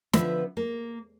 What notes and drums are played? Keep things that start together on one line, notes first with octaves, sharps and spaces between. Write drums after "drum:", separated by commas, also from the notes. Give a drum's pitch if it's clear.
D3 F3 B3 E4 B4 E5, drum: snare
A#3